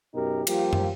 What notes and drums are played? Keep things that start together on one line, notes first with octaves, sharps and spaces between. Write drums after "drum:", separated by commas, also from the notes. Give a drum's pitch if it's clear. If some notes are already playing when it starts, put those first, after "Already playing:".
F#2 B2 D#4 G4 A#4
F3 G3 A#3 F4 G4, drum: cymbal
drum: tom F#2